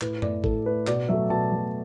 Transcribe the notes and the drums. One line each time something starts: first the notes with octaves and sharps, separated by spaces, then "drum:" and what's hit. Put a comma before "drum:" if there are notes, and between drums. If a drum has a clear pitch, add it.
A2 B4, drum: clap
A3 D5, drum: tom F#2
A2 A4, drum: kick G#1
A3 B4
B2 D5, drum: clap
F#3 A3 E5
B2 A5
F#3 A3